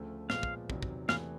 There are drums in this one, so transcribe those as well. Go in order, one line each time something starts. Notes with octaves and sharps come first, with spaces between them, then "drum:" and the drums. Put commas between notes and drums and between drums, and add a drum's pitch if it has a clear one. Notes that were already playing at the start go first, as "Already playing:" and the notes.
Already playing: D2 C#3 F3 A3
A#2 F3 G#3 B3 F5, drum: snare
drum: kick
E2 C3 D#3 F#3, drum: kick
drum: kick
E2 C3 E3 A3 F5, drum: snare